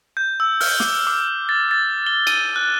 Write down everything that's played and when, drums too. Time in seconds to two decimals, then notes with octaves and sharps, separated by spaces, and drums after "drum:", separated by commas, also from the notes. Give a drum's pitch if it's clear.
0.17 G6
0.40 E6
0.60 F6, drum: open hi-hat
0.80 D6, drum: snare
1.07 D6
1.49 A6
1.71 A6
2.06 G7
2.27 D#7, drum: cymbal
2.56 F#6